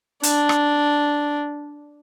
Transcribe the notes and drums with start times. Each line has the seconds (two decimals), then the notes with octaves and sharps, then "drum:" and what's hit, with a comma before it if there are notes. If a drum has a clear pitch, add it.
0.23 D4, drum: hi-hat
0.49 drum: rim click